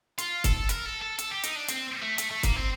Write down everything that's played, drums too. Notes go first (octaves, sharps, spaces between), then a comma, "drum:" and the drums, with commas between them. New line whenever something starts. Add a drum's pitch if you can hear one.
F4, drum: hi-hat
A4, drum: kick, hi-hat
A#4, drum: hi-hat
A4
A4
A4, drum: hi-hat
G4
D#4, drum: hi-hat
D4
C4, drum: hi-hat
A3
A3, drum: hi-hat
A3
A#3, drum: kick, hi-hat
C4